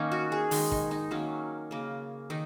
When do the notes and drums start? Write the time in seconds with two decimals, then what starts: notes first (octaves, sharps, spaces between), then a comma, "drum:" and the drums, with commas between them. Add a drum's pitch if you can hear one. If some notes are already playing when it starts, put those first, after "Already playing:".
Already playing: D#3 A#3 C#4 D#4
0.12 F#4
0.32 G#4
0.51 D#3 G#3 D#4, drum: open hi-hat
0.71 D#4, drum: kick
0.91 D#4
1.11 D#3 F#3 A#3 C#4
1.71 C#3 A#3
2.30 D#3 D#4